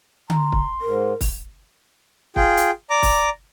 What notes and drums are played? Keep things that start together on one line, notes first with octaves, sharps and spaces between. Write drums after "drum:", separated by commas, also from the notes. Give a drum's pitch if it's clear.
A#5 C6, drum: tom D3
drum: kick
G#2 A#4
drum: kick, open hi-hat
F4 G#4 G5, drum: kick
drum: hi-hat
D5 A#5 D6
drum: kick, open hi-hat